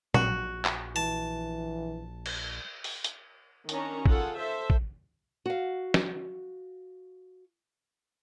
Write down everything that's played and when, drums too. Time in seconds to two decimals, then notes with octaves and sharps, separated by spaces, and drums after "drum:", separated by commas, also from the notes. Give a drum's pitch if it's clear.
0.14 A#1 F#4, drum: tom A#2
0.65 drum: clap
0.96 E3 A5
2.26 drum: cymbal
2.84 drum: open hi-hat
3.04 drum: hi-hat
3.69 D#3 C#4 D4 A#5, drum: hi-hat
4.06 F4 G#4 A4 F#5, drum: kick
4.37 A4 C5 E5
4.70 drum: kick
5.46 F#4 F5
5.94 drum: snare